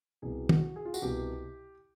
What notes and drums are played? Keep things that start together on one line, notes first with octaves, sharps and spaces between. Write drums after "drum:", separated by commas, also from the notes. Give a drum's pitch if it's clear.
C2 B2 G#4
F#4, drum: tom
G#4
F4
F#4, drum: tambourine
C2 B2 G4